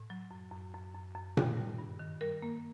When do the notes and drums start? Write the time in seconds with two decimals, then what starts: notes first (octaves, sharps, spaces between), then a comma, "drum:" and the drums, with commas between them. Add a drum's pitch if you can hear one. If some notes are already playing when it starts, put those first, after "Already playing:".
Already playing: A2
0.10 F#3
0.31 F#2
0.51 F#2
0.74 F#2
0.95 F#2
1.15 F#2
1.37 D#3, drum: tom A#2
1.57 G3
1.79 G2
2.00 D#3
2.21 G3 A#4
2.42 A#3